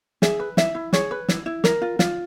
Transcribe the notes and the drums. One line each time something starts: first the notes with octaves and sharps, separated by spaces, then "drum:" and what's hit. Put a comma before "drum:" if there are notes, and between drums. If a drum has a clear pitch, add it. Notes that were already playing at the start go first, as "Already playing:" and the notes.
G#4 E5, drum: snare
B4
E4 E5, drum: snare
E4
G#4 C#5, drum: snare
B4
E4, drum: snare
E4
A#4, drum: snare
F4
F4, drum: snare